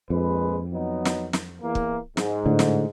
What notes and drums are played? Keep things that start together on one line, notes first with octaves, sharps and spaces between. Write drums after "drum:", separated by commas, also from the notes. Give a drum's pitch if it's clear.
A#1 F2 G#3 B4
F#3 B3 D#4
drum: snare
drum: snare
E2 E3 A#3
drum: kick
G#2, drum: snare
A2 D3
drum: snare